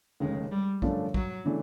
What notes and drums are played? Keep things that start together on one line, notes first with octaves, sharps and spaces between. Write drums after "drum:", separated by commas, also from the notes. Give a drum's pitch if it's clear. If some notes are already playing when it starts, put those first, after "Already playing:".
F1 D#2 C#3 G#3
G3
F#2 D3 F3 A3 D4, drum: kick
F#3, drum: kick
C#3 E3 A3 D4